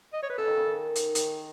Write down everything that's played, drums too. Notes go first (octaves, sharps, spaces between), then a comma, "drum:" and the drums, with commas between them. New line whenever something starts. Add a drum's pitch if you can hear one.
D#5
C#5
B4
C#3 A4
D#3
C#3
D#3
drum: hi-hat
D#3, drum: hi-hat